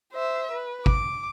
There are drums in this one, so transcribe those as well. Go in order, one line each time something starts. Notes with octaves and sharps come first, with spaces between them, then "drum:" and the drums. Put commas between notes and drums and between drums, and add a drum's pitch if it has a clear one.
C5 E5
B4
D6, drum: kick G#1